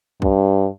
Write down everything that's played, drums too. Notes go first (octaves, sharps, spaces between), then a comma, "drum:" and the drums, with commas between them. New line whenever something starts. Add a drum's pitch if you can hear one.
G2, drum: kick